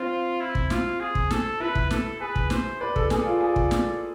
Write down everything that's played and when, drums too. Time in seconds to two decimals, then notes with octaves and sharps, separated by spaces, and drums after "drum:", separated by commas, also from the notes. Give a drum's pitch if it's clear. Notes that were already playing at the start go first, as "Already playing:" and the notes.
Already playing: C4 F4
0.41 E4
0.55 drum: kick
0.70 F4, drum: snare
1.00 G#4
1.15 drum: kick
1.31 A4, drum: snare
1.60 E4 B4
1.75 drum: kick
1.91 A4, drum: snare
2.20 G#4 B4
2.36 drum: kick
2.50 C5, drum: snare
2.80 B4 D5
2.96 A4, drum: kick
3.10 G#4 D5, drum: snare
3.26 F4
3.41 G#4
3.56 drum: kick
3.71 drum: snare